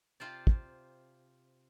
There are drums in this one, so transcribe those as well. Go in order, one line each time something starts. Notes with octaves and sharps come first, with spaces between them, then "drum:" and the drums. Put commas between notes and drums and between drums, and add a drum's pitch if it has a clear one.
C3 F4 C5 D5
drum: kick